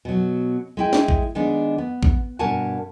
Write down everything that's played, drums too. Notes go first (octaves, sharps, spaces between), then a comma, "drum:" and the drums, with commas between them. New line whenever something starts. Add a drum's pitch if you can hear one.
B2 F#3
G#3 E4 G5
drum: snare
drum: kick A1
D#3 G#3 B3 D4
B3
drum: kick A1
G2 B2 A#4 F#5 G#5 A5